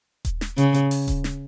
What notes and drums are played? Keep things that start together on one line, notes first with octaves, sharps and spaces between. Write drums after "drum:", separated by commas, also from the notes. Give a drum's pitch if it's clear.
drum: kick D#1, hi-hat
drum: snare
C#3, drum: hi-hat
drum: hi-hat
drum: open hi-hat
drum: kick D#1, hi-hat
drum: snare